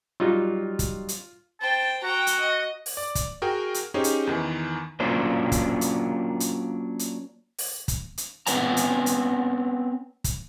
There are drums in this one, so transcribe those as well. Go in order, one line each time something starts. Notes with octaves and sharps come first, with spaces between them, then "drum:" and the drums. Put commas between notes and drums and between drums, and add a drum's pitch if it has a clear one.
F#3 G3 D#4 F4
drum: kick, hi-hat
drum: hi-hat
C5 G5 A5
F#4 G5 A#5
drum: hi-hat
D#5
drum: open hi-hat
D5
drum: kick, hi-hat
F#4 G#4 A#4 G5
drum: hi-hat
C#4 D#4 G4 G#4 C5 C#5
drum: hi-hat
E2 D#3 E3
F#3 A#3 C#4 D4 F4 C5
drum: kick, hi-hat
drum: hi-hat
drum: hi-hat
drum: hi-hat
drum: open hi-hat
drum: kick, hi-hat
drum: hi-hat
B3 C4 B4 C#5 G#5 A#5, drum: hi-hat
drum: hi-hat
drum: hi-hat
drum: kick, hi-hat